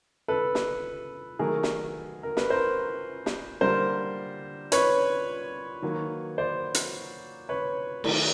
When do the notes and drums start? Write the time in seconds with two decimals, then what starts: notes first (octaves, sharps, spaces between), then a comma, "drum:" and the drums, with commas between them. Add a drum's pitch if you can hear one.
0.28 A4 B4
0.55 drum: snare
1.39 D#3 F#3 A3 G#4 A#4
1.63 drum: snare
2.23 A#4
2.37 B4, drum: snare
2.50 A#4 C5
3.26 drum: snare
3.61 D3 G3 A#3 A#4 C5
4.72 B4 C#5, drum: hi-hat
5.82 D#3 F#3 A#3
6.38 C5 D5
6.74 drum: hi-hat
7.49 B4 C#5
8.04 D#3 F#3 A3, drum: cymbal